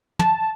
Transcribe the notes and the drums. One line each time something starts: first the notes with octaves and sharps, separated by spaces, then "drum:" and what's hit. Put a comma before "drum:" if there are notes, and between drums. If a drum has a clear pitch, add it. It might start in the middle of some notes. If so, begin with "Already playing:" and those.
A5, drum: tom